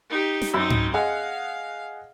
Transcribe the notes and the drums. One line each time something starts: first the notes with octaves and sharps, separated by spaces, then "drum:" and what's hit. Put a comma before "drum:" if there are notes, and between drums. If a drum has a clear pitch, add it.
D#4 G4
drum: snare
F#2 C4 D#4 B5 E6
drum: tom G#2
G#4 D#5 F5 F#5